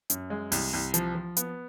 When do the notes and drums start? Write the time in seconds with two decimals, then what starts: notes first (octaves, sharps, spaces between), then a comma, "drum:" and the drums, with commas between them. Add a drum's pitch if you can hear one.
0.10 F#2, drum: hi-hat
0.30 G#3
0.52 C2, drum: open hi-hat
0.73 C2
0.94 F3, drum: hi-hat
1.15 F3
1.37 B3, drum: hi-hat